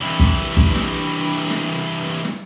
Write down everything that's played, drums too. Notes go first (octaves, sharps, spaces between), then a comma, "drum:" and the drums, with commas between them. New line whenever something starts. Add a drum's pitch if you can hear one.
G2 E3
drum: kick
drum: kick
drum: snare
drum: snare
drum: snare